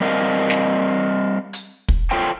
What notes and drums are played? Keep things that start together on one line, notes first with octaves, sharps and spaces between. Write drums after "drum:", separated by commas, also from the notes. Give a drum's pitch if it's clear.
G3 C4 A#4 D#5 F5
drum: snare
drum: hi-hat
drum: kick
F4 A4 C5 C#5 G5